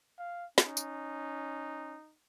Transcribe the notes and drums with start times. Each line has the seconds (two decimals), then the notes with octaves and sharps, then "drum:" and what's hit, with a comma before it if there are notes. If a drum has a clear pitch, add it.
0.18 F5
0.58 C#4 D#4, drum: snare
0.77 drum: tambourine